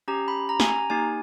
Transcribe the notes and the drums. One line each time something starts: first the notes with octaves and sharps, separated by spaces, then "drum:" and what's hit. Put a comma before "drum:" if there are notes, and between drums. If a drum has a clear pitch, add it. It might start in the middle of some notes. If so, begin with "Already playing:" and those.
C#4 G4 A#5
B5
A#5
G#5, drum: snare
A#5
A#3 D#4 G4 G#5